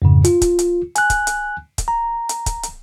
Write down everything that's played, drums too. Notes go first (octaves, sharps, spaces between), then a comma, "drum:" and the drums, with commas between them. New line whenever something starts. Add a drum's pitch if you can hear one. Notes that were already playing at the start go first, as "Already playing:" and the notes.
F2 G#2 C#3
F4, drum: hi-hat
drum: kick, hi-hat
drum: hi-hat
G#5 F#6, drum: hi-hat
drum: kick, hi-hat
drum: hi-hat
drum: kick, hi-hat
A#5
drum: hi-hat
drum: kick, hi-hat
drum: hi-hat